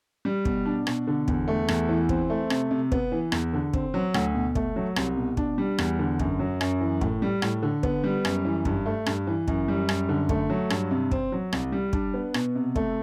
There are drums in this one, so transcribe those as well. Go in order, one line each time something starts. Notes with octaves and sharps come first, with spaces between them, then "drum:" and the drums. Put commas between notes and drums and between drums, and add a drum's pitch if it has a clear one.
G3
B2, drum: kick
D4
B2, drum: rim click
D3
E2, drum: kick
A3
E2, drum: rim click
E3
C4, drum: kick
A3
C3, drum: rim click
C3
B3, drum: kick
E3
E2, drum: rim click
D3
C4, drum: kick
F#3
D2, drum: rim click
B2
A3, drum: kick
F#3
C2, drum: rim click
B2
D4, drum: kick
G3
E2, drum: rim click
D3
F#2, drum: kick
F#3
F#2, drum: rim click
E3
A2, drum: kick
G3
A2, drum: rim click
D3
B3, drum: kick
G3
F#2, drum: rim click
E3
G2, drum: kick
A3
G2, drum: rim click
E3
F#2, drum: kick
G3
F#2, drum: rim click
D3
A3, drum: kick
F#3
G2, drum: rim click
C3
C4, drum: kick
F#3
C2, drum: rim click
G3
D4, drum: kick
B3
B2, drum: rim click
C3
A3, drum: kick